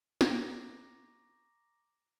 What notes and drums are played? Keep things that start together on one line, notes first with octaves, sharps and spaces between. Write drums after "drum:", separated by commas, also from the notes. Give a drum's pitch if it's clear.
A#5 C#6 D6 A#6, drum: snare